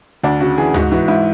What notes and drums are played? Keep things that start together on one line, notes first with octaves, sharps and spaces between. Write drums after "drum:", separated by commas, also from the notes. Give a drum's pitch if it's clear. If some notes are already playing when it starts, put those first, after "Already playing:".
D2 D4
C#3 F#4
E3 G#4
G#2 F#4, drum: tom D2
E3 F#4
G#2 E4